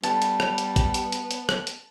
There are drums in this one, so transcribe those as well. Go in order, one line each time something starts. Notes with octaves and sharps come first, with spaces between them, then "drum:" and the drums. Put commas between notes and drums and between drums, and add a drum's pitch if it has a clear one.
G3 B3 A5, drum: hi-hat
drum: hi-hat
drum: rim click
drum: hi-hat
drum: kick, hi-hat
drum: hi-hat
drum: hi-hat
drum: hi-hat
drum: rim click
drum: hi-hat